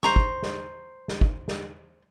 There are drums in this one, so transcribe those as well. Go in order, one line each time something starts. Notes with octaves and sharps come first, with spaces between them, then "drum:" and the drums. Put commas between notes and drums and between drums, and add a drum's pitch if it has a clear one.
C5 A#5 C#6, drum: snare
drum: kick
drum: snare
drum: snare
drum: kick
drum: snare